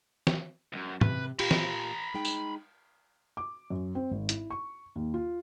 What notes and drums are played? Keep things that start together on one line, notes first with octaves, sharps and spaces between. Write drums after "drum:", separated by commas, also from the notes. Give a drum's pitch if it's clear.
drum: snare
C2 F#2
C3 B4, drum: tom G#2
A#2 F4 G4 A#5 B5, drum: cymbal
drum: snare
G#3 D#4 G5
drum: tambourine
D6
F#2
C4
G#1
E4, drum: hi-hat
C#6
D#2
F4